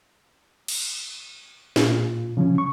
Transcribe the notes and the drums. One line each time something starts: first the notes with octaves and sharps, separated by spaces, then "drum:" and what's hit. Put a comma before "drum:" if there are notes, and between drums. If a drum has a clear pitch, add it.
drum: cymbal
A#2 F4, drum: snare
C#3 F3 F#3 C#4
C#6